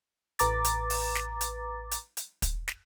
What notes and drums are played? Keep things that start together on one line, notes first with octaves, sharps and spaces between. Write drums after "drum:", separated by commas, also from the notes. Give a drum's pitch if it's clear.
A1 B4 A#5 D6 A6, drum: hi-hat
drum: hi-hat
drum: open hi-hat
drum: snare
drum: hi-hat
drum: hi-hat
drum: hi-hat
drum: kick, hi-hat
drum: snare